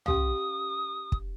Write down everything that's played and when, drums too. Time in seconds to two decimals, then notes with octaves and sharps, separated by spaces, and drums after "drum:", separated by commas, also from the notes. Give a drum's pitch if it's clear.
0.06 C#4 G4 F5 D#6, drum: tom C2
1.12 drum: kick